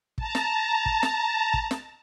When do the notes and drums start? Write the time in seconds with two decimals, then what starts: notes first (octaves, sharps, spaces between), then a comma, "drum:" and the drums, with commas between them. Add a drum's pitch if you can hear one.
0.18 A5 A#5, drum: kick
0.35 drum: snare
0.86 drum: kick
1.03 drum: snare
1.54 drum: kick
1.71 drum: snare